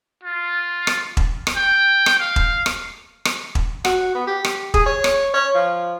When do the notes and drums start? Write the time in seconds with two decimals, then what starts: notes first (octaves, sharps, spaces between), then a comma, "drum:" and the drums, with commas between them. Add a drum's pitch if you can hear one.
0.23 F4
0.87 drum: rim click
1.17 drum: kick E1
1.47 drum: rim click
1.56 G5
2.06 drum: rim click
2.19 F5
2.36 drum: kick E1
2.66 drum: rim click
3.25 drum: rim click
3.55 drum: kick E1
3.85 F#4, drum: rim click
4.15 B3
4.27 G4
4.45 drum: rim click
4.74 G#4, drum: kick E1
4.86 C#5
5.04 drum: rim click
5.34 C#5
5.55 F3